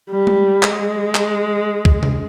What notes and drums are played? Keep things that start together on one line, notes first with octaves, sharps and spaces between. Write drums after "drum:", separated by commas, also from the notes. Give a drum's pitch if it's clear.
G3
drum: tom G#3
G#3, drum: clap
drum: clap
drum: kick
drum: tom C3